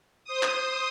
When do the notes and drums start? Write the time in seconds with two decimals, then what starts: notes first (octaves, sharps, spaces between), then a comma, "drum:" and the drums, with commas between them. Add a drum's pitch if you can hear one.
0.24 C5 D#6
0.43 drum: clap